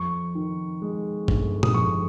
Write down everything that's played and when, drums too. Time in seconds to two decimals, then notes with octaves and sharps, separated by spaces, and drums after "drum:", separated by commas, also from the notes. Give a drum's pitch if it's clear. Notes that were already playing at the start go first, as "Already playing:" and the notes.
Already playing: F2 C#6
0.35 D#3
0.82 G#3
1.28 G1, drum: kick
1.63 D#6, drum: tom
1.74 F2 C#6